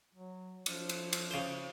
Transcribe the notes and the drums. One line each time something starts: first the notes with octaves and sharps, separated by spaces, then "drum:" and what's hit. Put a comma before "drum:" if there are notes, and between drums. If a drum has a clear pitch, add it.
F#3
F3, drum: cymbal
drum: cymbal
drum: cymbal
C#3 C5